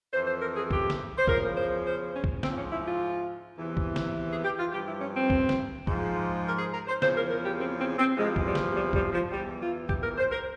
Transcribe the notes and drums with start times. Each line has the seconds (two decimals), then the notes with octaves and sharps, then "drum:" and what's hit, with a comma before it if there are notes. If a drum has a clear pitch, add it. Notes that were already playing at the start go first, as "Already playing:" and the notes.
0.13 F2 E3 C5
0.28 C5
0.42 A#4
0.56 G#4
0.71 G4, drum: kick
0.90 drum: snare
1.18 C5
1.27 E2 C#3 F3 A#4, drum: kick
1.56 C5
1.86 C5
2.14 C#4
2.24 drum: kick
2.43 G#2 F3 C4, drum: snare
2.57 C#4
2.72 E4
2.86 F4
3.57 E2 C3 E3
3.77 drum: kick
3.96 drum: snare
4.30 G#4
4.44 G4
4.58 F4
4.72 G2 F3 G4
4.87 E4
5.01 C#4
5.15 C4
5.30 drum: kick
5.49 drum: snare
5.87 G#2 F3, drum: kick
6.45 A#4
6.59 G#4
6.73 A#4
6.88 C5
7.02 E2 C#3 F3 C5, drum: snare
7.17 A#4
7.30 A#4
7.45 G4
7.59 C4
7.79 C4
7.98 C4
8.17 E2 C3 F3 G#3
8.36 drum: kick
8.46 G3
8.55 drum: snare
8.74 G3
8.93 G3, drum: kick
9.13 F3
9.31 E2 E3 G3
9.61 F4
9.89 G4, drum: kick
10.04 A#4
10.18 C5
10.32 A#4